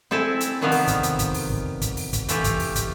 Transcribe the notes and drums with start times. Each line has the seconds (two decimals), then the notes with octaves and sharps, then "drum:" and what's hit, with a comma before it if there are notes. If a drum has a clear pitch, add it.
0.11 C4 E4 A4 G#5
0.40 drum: hi-hat
0.61 C3 D#3 F3 G3 B3 F5
0.72 drum: open hi-hat
0.87 drum: kick, hi-hat
1.03 drum: hi-hat
1.19 drum: kick, hi-hat
1.34 drum: open hi-hat
1.50 drum: kick
1.81 drum: kick, hi-hat
1.97 drum: open hi-hat
2.13 drum: kick, hi-hat
2.28 E3 A3 F4 G4, drum: hi-hat
2.44 drum: kick, hi-hat
2.60 drum: open hi-hat
2.75 drum: kick, hi-hat